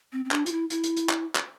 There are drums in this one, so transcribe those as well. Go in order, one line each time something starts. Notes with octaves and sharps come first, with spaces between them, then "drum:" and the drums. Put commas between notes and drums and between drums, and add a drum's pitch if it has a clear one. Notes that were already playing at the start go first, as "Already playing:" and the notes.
C4
C4
D4, drum: clap
F4, drum: hi-hat
E4
E4, drum: hi-hat
drum: hi-hat
drum: hi-hat
drum: clap
drum: clap